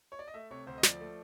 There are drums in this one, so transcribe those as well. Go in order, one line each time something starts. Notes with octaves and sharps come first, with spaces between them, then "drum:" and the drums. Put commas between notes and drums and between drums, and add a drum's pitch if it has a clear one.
C#5
D5
D#5
A3 E5
C3 C#5
D2 C5
D#5
F3 D5, drum: snare
A3